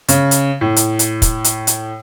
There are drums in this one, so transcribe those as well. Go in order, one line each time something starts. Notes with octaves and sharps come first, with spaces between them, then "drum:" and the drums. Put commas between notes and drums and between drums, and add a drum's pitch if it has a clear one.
C#3, drum: hi-hat
drum: hi-hat
A2
drum: hi-hat
drum: hi-hat
drum: kick, hi-hat
drum: hi-hat
drum: hi-hat